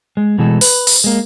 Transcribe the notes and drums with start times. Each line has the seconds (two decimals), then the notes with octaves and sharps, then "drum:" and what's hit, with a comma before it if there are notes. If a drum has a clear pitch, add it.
0.17 G#3
0.38 B2 E3 G#3 A3 A4
0.61 B4, drum: open hi-hat
0.87 drum: open hi-hat
1.04 G#3 A#3